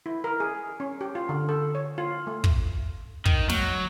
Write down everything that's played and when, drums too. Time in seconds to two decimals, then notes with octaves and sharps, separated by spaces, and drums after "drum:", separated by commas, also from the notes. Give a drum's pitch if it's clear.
0.06 E4
0.24 A#4
0.40 G#4
0.80 C#4
1.01 G4
1.15 F4
1.29 D3
1.49 A4
1.75 C#5
1.98 F4
2.27 A3
2.44 drum: kick
3.25 D#3, drum: kick
3.49 F#3, drum: snare